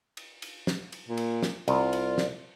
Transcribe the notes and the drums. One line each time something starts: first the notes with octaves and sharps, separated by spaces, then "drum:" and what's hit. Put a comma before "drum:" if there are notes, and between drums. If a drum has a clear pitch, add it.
drum: cymbal
drum: cymbal
drum: snare
drum: cymbal
A#2
drum: cymbal
drum: snare
C2 F4, drum: cymbal
drum: cymbal
drum: snare